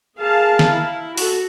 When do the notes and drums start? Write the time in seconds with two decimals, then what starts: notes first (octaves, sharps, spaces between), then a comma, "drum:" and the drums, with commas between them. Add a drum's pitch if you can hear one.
0.18 G#4 A#4 F5 A5
0.59 drum: snare
0.71 E4
1.17 F#4 A4, drum: open hi-hat